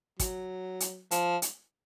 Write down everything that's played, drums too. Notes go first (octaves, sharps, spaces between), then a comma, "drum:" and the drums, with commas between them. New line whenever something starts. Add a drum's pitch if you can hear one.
F#3, drum: kick, hi-hat
drum: hi-hat
F3, drum: hi-hat
drum: hi-hat